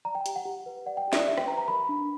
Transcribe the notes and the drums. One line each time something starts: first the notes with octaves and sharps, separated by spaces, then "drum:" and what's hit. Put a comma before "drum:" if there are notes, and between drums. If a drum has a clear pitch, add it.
D5 A#5
G5
G4, drum: hi-hat
F#5
G4
B4
D5 F#5
G5
G4
E5, drum: snare
D5
G4 E5
G5, drum: rim click
B4 A#5
A#5
A#4 B5
D4